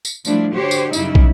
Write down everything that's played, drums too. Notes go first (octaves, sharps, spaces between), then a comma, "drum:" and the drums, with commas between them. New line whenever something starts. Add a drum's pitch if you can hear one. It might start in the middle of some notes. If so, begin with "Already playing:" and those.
drum: tambourine
F3 G3 A3 D4 E4, drum: tambourine
D3 F#4 G4 C5 C#5
drum: tambourine
F#2 C#3 G3 G#3 D#4 E4, drum: tambourine
drum: kick